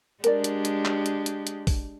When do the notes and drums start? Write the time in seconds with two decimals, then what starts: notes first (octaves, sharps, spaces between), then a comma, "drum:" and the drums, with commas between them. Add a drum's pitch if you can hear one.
0.24 G#3 D4 G4 A#4 D5, drum: hi-hat
0.44 drum: hi-hat
0.65 drum: hi-hat
0.85 drum: clap
1.06 drum: hi-hat
1.26 drum: hi-hat
1.47 drum: hi-hat
1.67 drum: kick A1, open hi-hat